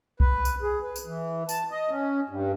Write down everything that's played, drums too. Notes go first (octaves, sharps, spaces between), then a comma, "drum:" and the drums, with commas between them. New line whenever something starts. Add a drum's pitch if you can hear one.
B4, drum: kick B1
drum: tambourine
G#4
B4
drum: tambourine
E3
A5, drum: tambourine
D#5
C#4
G2